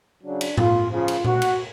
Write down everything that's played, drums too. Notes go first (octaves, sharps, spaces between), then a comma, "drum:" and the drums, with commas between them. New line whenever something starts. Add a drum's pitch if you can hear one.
C#3 F#3 D4
drum: cymbal
F4, drum: tom A2
C#3 F3 F4
drum: cymbal
F#4, drum: tom A#2
drum: cymbal